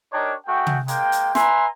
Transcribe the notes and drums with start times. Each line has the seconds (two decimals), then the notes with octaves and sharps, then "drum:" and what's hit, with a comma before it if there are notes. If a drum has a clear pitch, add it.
0.13 D4 D#4 G4 A#4 C#5
0.46 A3 F#4 G#4 G5
0.67 drum: tom
0.88 G#3 A#3 G5, drum: hi-hat
1.12 drum: hi-hat
1.35 B4 E5 G#5 A#5 C6, drum: snare